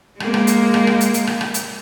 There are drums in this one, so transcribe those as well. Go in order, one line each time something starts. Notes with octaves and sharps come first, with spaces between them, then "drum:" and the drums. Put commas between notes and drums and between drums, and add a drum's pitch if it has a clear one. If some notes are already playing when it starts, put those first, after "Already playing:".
G#3 A#3, drum: rim click
drum: rim click
drum: hi-hat
drum: rim click
drum: rim click
drum: hi-hat
drum: hi-hat
drum: rim click
drum: rim click
drum: hi-hat